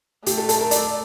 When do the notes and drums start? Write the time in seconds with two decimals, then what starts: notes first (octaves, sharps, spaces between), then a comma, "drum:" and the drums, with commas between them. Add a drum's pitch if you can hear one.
0.26 A3 G4, drum: hi-hat
0.38 A4
0.49 A4, drum: hi-hat
0.60 A#4
0.71 D5, drum: hi-hat